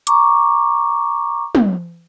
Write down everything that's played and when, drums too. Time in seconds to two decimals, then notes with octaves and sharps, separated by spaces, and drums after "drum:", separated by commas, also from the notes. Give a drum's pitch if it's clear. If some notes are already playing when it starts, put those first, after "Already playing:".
0.07 A#5 C#6 D6, drum: hi-hat
1.55 drum: tom